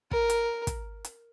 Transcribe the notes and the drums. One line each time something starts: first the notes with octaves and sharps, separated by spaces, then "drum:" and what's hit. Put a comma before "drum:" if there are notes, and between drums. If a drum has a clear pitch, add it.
A#4, drum: kick
drum: hi-hat
drum: kick, hi-hat
drum: hi-hat